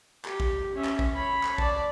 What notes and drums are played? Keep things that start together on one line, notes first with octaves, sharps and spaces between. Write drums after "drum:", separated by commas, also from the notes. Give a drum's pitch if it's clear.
G4, drum: clap
drum: kick A1
C#4 E5
drum: clap
drum: kick A1
C#5 B5
drum: clap
D5 A5, drum: kick A1